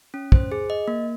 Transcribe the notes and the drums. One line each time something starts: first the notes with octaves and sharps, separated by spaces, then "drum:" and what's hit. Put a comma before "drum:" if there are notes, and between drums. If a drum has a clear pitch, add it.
C#4
C5, drum: kick
G#4
D#5
A#3